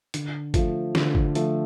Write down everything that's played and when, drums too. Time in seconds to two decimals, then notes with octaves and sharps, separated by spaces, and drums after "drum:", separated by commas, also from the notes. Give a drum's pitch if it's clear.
0.14 D3, drum: hi-hat
0.54 F3 A3, drum: kick, hi-hat
0.95 D3, drum: snare
1.15 drum: kick
1.35 F3 A3, drum: hi-hat